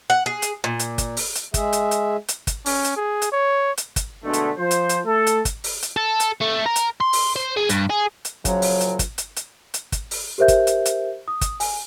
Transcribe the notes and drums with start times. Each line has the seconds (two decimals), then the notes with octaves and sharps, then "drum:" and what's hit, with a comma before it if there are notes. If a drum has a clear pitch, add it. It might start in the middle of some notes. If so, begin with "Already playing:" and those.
0.10 F#5
0.26 G#4
0.42 drum: hi-hat
0.64 A#2
0.79 drum: hi-hat
0.98 drum: kick, hi-hat
1.17 drum: open hi-hat
1.35 drum: hi-hat
1.54 G#3 G#4 E5, drum: kick, hi-hat
1.73 drum: hi-hat
1.91 drum: hi-hat
2.28 drum: hi-hat
2.47 drum: kick, hi-hat
2.66 C#4, drum: open hi-hat
2.84 drum: hi-hat
2.96 G#4
3.22 drum: hi-hat
3.32 C#5
3.77 drum: hi-hat
3.96 drum: kick, hi-hat
4.24 B2 D3 G#3 A3
4.33 drum: hi-hat
4.57 F3 C5
4.71 drum: hi-hat
4.89 drum: hi-hat
5.05 A3 A4
5.27 drum: hi-hat
5.45 drum: kick, hi-hat
5.64 drum: open hi-hat
5.82 drum: hi-hat
5.97 A4
6.20 drum: hi-hat
6.41 A3
6.66 A#4
6.76 drum: hi-hat
7.01 C6
7.13 drum: open hi-hat
7.36 C5
7.57 G#4
7.69 G2, drum: hi-hat
7.90 G#4
8.25 drum: hi-hat
8.45 F#2 A#2 C#3 F3 F#3, drum: kick, hi-hat
8.62 drum: open hi-hat
8.81 drum: hi-hat
8.99 drum: kick, hi-hat
9.18 drum: hi-hat
9.36 drum: hi-hat
9.74 drum: hi-hat
9.92 drum: kick, hi-hat
10.11 drum: open hi-hat
10.38 G4 A#4 C5 E5 G6
10.48 drum: kick, hi-hat
10.67 drum: hi-hat
10.85 drum: hi-hat
11.28 D#6
11.41 drum: kick, hi-hat
11.60 G#5, drum: open hi-hat